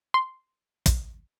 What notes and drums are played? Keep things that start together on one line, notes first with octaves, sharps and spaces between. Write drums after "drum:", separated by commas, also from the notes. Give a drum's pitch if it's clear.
C6
drum: kick, hi-hat